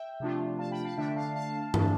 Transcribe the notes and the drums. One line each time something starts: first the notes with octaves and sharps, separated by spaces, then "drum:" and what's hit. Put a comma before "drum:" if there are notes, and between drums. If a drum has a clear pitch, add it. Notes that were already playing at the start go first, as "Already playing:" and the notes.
Already playing: E5 G5
C3 F3 A3 D4 F4
F5 A5
G5 B5
F5 A5
D3 A3 D4 E5 G5
F5 A5
F5 A5
D3 A3 D4, drum: tom